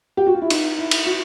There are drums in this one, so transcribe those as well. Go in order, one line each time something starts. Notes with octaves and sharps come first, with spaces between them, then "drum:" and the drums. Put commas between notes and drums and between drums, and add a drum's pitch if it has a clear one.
G4
F#4
F4
E4
D#4, drum: cymbal
E4
drum: cymbal
F#4